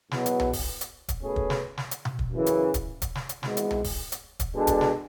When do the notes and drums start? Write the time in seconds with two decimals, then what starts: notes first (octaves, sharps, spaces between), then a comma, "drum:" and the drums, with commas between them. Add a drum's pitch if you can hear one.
0.11 E2 B2 F#3 B3, drum: snare
0.26 drum: hi-hat
0.40 drum: tom B1
0.53 drum: kick, open hi-hat
0.81 drum: hi-hat
1.08 drum: kick, hi-hat
1.22 B2 A3 C#4 G#4 B4
1.36 drum: kick
1.50 drum: snare
1.77 drum: snare
1.91 drum: hi-hat
2.05 drum: tom B2
2.19 drum: kick
2.33 F#2 C#3 E3
2.46 drum: hi-hat
2.74 drum: kick, hi-hat
3.02 drum: kick, hi-hat
3.15 drum: snare
3.29 drum: hi-hat
3.43 G#1 G#2 E3 G#3 B3, drum: snare
3.57 drum: hi-hat
3.71 drum: tom B1
3.84 drum: kick, open hi-hat
4.12 drum: hi-hat
4.40 drum: kick, hi-hat
4.53 B2 G#3 D4 A4
4.67 drum: kick, hi-hat
4.81 drum: snare